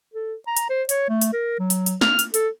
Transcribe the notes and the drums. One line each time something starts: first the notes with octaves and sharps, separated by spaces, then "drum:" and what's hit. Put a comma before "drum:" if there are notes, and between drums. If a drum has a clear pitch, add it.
A4
A#5
drum: hi-hat
C5
C#5, drum: hi-hat
A3
drum: hi-hat
A#4
F#3
drum: hi-hat
drum: hi-hat
F6, drum: snare
drum: hi-hat
A4, drum: hi-hat